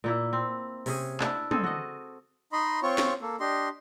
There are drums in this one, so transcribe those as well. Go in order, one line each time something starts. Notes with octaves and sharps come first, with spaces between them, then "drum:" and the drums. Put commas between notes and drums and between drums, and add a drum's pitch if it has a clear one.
A#2 A#3 E4
C4
C3 C#4 G#4, drum: open hi-hat
D4 E4, drum: clap
C4 G#4 A4, drum: tom
F#4 D#5
D#4 D#5 B5 C6
C4 F4 C#5 C#6
drum: snare
A#3 A4
D4 G4 D#5 C6